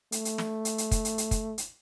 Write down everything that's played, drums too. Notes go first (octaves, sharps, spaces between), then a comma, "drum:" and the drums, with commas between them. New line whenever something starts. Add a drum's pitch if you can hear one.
A3, drum: hi-hat
drum: hi-hat
drum: snare
drum: hi-hat
drum: hi-hat
drum: kick, hi-hat
drum: hi-hat
drum: hi-hat
drum: kick, hi-hat
drum: hi-hat